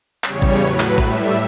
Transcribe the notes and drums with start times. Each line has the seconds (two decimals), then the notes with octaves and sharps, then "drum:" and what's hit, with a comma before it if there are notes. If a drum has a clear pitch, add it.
0.24 E2 C#3 G3 C#5, drum: clap
0.42 drum: kick A1
0.61 A2 F#3 B4
0.80 drum: clap
0.98 A2 G3 E5, drum: kick A1